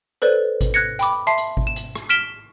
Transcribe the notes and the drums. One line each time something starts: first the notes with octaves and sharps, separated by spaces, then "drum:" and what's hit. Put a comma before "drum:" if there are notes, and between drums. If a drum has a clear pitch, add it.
A4 B4 C5 D5
drum: kick G#1, hi-hat
F#6 G#6 A#6 C#7
G5 B5 D6, drum: hi-hat
E5 A5 C6 C7
drum: hi-hat
drum: kick G#1
E7
drum: hi-hat
drum: rim click
F6 B6 D7 E7 G7